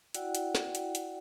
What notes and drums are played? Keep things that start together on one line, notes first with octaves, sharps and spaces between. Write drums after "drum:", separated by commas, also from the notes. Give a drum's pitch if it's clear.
E4 F#4 D5 F#5 G5, drum: hi-hat
drum: hi-hat
drum: snare
drum: hi-hat
drum: hi-hat